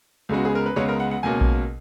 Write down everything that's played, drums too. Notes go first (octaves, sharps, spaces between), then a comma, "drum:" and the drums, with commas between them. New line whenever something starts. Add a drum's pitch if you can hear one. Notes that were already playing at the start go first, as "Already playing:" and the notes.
C#2 C#3 G#3 B3 F#4
G#4
A#4
B4
C#2 C#3 G#3 B3 C#5
A#4
F#5
F#5
C#2 B2 A#3 C#4 G#5
drum: kick A#1